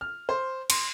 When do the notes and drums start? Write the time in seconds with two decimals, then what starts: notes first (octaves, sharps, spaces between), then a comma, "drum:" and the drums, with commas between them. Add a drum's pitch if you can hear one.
0.01 F6
0.29 C5
0.70 C6, drum: cymbal